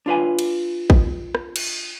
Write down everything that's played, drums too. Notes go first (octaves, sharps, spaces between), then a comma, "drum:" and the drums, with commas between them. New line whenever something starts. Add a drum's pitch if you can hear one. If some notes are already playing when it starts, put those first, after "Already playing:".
D4 F4 B4 G#5
drum: cymbal
drum: kick
drum: rim click
drum: cymbal